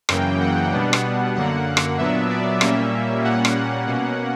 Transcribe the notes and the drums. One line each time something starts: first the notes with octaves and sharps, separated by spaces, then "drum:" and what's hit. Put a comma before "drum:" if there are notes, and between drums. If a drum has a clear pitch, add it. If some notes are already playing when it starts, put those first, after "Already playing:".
F#2 C#3 E3 A#3 G5, drum: rim click
F#5
B2 G3 B3 D4
drum: rim click
F#2 D3 A#3 F#5
drum: rim click
A#2 F#3 B3 D4 E5
D5
A#2 G3 A#3 C#4 E5, drum: rim click
A#2 G3 A#3 C#4 F#5
drum: rim click
F#5
B2 A#3 C#4